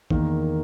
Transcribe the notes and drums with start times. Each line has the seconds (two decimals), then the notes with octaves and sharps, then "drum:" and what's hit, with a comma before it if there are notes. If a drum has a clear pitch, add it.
0.10 E2 D#3 A#3, drum: kick